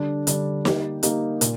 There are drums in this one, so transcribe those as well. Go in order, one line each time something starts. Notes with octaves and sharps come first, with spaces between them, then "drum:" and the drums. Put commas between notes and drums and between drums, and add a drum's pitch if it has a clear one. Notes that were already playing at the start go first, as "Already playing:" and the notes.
Already playing: D3 G3 D4
D3 G3 D4, drum: hi-hat
A#3 D#4 G4, drum: snare
A#3 D#4 G4, drum: hi-hat
A#2, drum: hi-hat